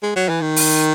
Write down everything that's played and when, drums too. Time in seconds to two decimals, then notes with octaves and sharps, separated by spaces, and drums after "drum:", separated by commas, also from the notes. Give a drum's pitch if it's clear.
0.03 G#3
0.16 F#3
0.29 E3
0.42 D#3
0.56 drum: open hi-hat